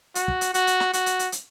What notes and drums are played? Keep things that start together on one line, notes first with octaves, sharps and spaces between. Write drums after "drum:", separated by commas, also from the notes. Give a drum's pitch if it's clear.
F#4, drum: hi-hat
drum: kick
drum: hi-hat
F#4, drum: hi-hat
drum: hi-hat
drum: snare
F#4, drum: hi-hat
drum: hi-hat
drum: hi-hat
drum: hi-hat